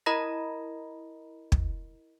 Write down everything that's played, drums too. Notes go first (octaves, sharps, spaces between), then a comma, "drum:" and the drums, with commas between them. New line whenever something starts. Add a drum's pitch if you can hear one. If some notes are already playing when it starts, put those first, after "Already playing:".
E4 A#4 D#5 A#5 B5 A#6
drum: kick